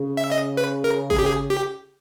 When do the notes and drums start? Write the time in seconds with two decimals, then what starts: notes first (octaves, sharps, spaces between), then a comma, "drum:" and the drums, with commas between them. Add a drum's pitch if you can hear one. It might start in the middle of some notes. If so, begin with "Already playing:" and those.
Already playing: C#3
0.17 E5
0.32 D#5
0.57 B4
0.84 A#4
1.10 G#4, drum: kick G#1
1.19 G4
1.26 G#4
1.50 G4